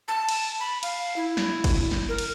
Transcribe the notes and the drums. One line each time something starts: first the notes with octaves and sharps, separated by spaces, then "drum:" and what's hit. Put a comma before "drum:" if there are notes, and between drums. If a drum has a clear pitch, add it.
A5
drum: cymbal
B5
F5, drum: cymbal
E4
drum: snare
drum: kick, cymbal
drum: snare
A#4
drum: cymbal